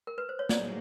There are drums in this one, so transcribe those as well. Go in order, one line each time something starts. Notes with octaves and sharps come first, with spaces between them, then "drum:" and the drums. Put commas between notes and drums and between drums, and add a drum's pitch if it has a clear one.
A#4
B4
C5
C#5
A2 F#3 A#3 D#4 G#4 D5, drum: snare